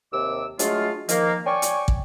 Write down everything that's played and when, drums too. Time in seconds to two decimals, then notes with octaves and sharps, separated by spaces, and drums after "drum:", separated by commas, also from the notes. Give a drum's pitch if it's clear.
0.13 D#2 C3 D6 E6
0.59 F#3 G#3 A3 D4 F4, drum: hi-hat
1.09 D#3 F3 A#3, drum: hi-hat
1.46 C#5 D5 G5 G#5 C#6
1.62 drum: hi-hat
1.88 drum: kick